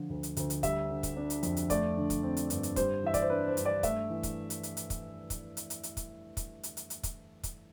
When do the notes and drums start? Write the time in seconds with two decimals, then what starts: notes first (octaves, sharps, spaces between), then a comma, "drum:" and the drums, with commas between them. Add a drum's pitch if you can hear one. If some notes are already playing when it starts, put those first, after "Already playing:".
Already playing: D3 F3
0.10 D2
0.23 drum: hi-hat
0.37 D2, drum: hi-hat
0.50 drum: hi-hat
0.63 G3 E5, drum: kick, hi-hat
0.90 D3
1.03 drum: kick, hi-hat
1.17 D4
1.30 drum: hi-hat
1.43 F2, drum: hi-hat
1.57 drum: hi-hat
1.70 A3 D5, drum: kick, hi-hat
1.97 D3
2.10 drum: kick, hi-hat
2.23 C4
2.37 drum: hi-hat
2.50 G2, drum: hi-hat
2.63 drum: hi-hat
2.76 G3 C5, drum: kick, hi-hat
3.03 E3 E5
3.14 D5, drum: kick, hi-hat
3.22 C5
3.30 D4 B4
3.48 C5
3.57 G2, drum: hi-hat
3.65 D5
3.83 A3 E5, drum: kick, hi-hat
4.10 E3
4.23 drum: kick, hi-hat
4.50 drum: hi-hat
4.63 drum: hi-hat
4.77 drum: hi-hat
4.90 drum: kick, hi-hat
5.30 drum: kick, hi-hat
5.57 drum: hi-hat
5.70 drum: hi-hat
5.83 drum: hi-hat
5.97 drum: kick, hi-hat
6.37 drum: kick, hi-hat
6.63 drum: hi-hat
6.77 drum: hi-hat
6.90 drum: hi-hat
7.03 drum: kick, hi-hat
7.43 drum: kick, hi-hat